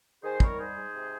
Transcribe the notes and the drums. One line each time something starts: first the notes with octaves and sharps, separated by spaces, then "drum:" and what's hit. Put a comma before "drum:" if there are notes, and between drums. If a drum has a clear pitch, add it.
D#3 G#4 C5
G3 A#4 C#5, drum: kick
G#2 G#4 C5
G#2
C3